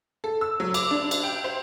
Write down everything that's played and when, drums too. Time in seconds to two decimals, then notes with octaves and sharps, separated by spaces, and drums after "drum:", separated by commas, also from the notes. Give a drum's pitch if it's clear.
0.24 A4
0.41 E6
0.60 F#3
0.74 D6, drum: cymbal
0.91 D4
1.11 drum: cymbal
1.23 G5
1.44 C5